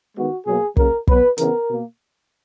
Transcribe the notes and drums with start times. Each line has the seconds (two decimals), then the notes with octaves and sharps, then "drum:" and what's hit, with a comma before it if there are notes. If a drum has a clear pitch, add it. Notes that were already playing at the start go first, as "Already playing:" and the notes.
0.16 D#3 G#3 B3 F#4
0.46 B2 F#3 A#3 G#4
0.77 C#3 F#3 A#3 A#4, drum: kick
1.08 B2 F#3 B3 B4, drum: kick
1.38 C#3 E3 B3 A#4, drum: hi-hat
1.69 B2 A#3